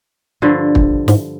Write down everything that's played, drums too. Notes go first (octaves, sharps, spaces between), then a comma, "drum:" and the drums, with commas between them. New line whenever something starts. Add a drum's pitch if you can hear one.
G2 D3 F3
drum: kick
G#2, drum: snare